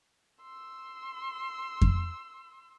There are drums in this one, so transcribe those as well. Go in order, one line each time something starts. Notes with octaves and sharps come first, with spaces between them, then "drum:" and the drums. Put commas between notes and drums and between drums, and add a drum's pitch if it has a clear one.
C6 E6
drum: kick F2